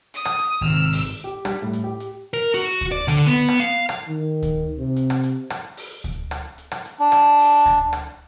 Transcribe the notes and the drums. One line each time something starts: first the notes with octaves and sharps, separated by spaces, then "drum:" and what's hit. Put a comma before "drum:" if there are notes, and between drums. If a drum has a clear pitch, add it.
D#6, drum: hi-hat
drum: rim click
drum: hi-hat
G#1 C3 D#3 E6 F6
drum: open hi-hat
G4
G3, drum: rim click
A2
drum: hi-hat
G4
drum: hi-hat
A#4
F#4, drum: open hi-hat
drum: kick D2, hi-hat
D5
D3, drum: rim click
B3
drum: rim click
F5, drum: hi-hat
drum: rim click
D#3
drum: kick D2, hi-hat
C3
drum: hi-hat
drum: rim click
drum: hi-hat
drum: rim click
drum: open hi-hat
drum: kick D2, hi-hat
drum: rim click
drum: hi-hat
drum: rim click
drum: hi-hat
D4
drum: rim click
drum: open hi-hat
drum: kick D2, hi-hat
drum: rim click